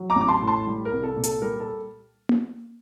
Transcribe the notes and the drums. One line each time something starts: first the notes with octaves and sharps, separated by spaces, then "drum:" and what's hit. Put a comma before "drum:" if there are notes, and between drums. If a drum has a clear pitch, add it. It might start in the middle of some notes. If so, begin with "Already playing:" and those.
Already playing: F#3
A#5 D6
A1
D6
A5 C6
A2
A5 C6
G3
A#4
C2
A4
A#2
A4, drum: hi-hat
G3 A#4
A4
drum: tom A#3